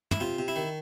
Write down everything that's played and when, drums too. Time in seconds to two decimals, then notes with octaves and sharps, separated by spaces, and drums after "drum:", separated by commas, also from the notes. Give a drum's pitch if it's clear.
0.11 E4, drum: tom
0.20 C3 F4
0.39 C3
0.48 E4
0.56 D#3